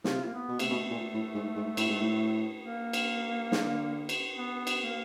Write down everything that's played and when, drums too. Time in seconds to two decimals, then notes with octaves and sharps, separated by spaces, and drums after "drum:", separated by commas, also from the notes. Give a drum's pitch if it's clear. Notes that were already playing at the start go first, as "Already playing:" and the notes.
0.04 C3 F4, drum: snare
0.25 A#3
0.34 B3
0.48 B2
0.59 C3 A3, drum: cymbal
0.70 B2
0.91 A#2
1.13 A2
1.34 G#2
1.56 G#2
1.77 A2, drum: cymbal
1.89 G#2
2.01 A2
2.64 A#3
2.93 drum: cymbal
3.52 D3, drum: snare
4.09 drum: cymbal
4.38 B3
4.67 drum: cymbal
4.82 A#3